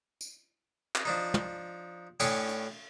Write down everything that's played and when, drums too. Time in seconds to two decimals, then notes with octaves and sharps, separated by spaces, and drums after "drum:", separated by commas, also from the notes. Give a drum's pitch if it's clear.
0.21 drum: tambourine
0.96 drum: clap
1.05 F3 D4 D#4
1.34 drum: tom
2.20 A2 C#4 D4 C#5 G5 D#6, drum: cymbal
2.48 drum: hi-hat